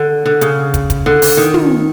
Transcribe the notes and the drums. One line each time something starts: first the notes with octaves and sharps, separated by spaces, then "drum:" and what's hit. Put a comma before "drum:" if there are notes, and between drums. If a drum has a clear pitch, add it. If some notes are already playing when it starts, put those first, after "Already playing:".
Already playing: D3
D3
C#3, drum: hi-hat
drum: kick, hi-hat
drum: kick, hi-hat
D3
drum: open hi-hat
D#3
drum: tom